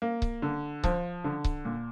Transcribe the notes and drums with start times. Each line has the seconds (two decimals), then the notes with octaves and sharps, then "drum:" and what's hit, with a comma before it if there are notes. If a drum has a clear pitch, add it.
0.02 A#3
0.22 drum: kick C#1
0.42 D3
0.84 F3, drum: kick C#1
1.24 D3
1.44 drum: kick C#1
1.65 A#2